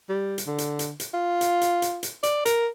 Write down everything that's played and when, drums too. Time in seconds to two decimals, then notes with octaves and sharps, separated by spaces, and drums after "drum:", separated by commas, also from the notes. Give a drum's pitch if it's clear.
0.09 G3
0.38 drum: hi-hat
0.47 D3
0.58 drum: hi-hat
0.79 drum: hi-hat
1.00 drum: hi-hat
1.14 F4
1.41 drum: hi-hat
1.61 drum: hi-hat
1.82 drum: hi-hat
2.03 drum: hi-hat
2.23 D5, drum: hi-hat
2.46 A#4, drum: hi-hat